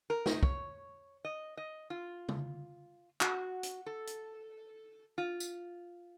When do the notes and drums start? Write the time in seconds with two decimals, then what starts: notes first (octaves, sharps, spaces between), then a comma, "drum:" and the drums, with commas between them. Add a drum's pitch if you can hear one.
0.10 A#4
0.26 D#4, drum: snare
0.43 C#5, drum: kick
1.25 D#5
1.57 D#5
1.90 F4
2.29 drum: tom C#3
3.21 F#4, drum: clap
3.63 drum: hi-hat
3.86 A4
4.07 drum: hi-hat
5.18 F4
5.40 drum: tambourine